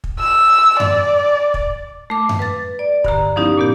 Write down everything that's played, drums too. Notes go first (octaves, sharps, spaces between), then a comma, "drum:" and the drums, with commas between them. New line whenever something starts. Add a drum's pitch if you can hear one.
drum: kick
E6
D5, drum: tom F#2
drum: kick
A3 D6
drum: tom F#2
B4 A6
D5
G2 D3 A#5, drum: kick
F3 B3 C#4 D#4 E4 G4
A#2 B3 G4